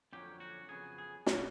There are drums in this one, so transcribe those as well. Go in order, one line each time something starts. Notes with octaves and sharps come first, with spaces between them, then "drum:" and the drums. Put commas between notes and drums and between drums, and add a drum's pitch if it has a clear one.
F2 D3 F#3 A#3 C#4 G4
F#4
F2 C#3 F#3 B3 G#4
G#4
A#2 G3 B3 A#4, drum: snare